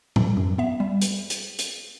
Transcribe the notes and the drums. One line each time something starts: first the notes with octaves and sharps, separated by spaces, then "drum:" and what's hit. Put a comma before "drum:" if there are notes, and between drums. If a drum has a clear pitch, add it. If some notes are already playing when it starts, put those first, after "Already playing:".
E3, drum: tom A2
F#2
B3 E5
G3
drum: hi-hat
drum: hi-hat
drum: hi-hat